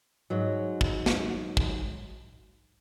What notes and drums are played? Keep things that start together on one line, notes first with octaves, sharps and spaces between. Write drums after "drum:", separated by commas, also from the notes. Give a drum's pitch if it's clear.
G#2 F#3
drum: kick
drum: snare
drum: kick